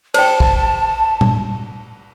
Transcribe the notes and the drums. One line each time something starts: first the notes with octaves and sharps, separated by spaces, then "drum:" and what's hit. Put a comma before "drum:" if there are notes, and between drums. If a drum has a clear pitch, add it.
C5 G5 A5, drum: cymbal
drum: kick
drum: tom